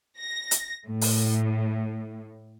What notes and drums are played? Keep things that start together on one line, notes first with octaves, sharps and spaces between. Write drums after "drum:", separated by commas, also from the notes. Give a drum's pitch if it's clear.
A#6
drum: hi-hat
A2
drum: open hi-hat